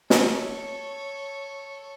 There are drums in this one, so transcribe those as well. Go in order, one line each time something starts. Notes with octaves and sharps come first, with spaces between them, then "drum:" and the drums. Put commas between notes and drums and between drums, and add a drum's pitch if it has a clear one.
A4 C#5, drum: snare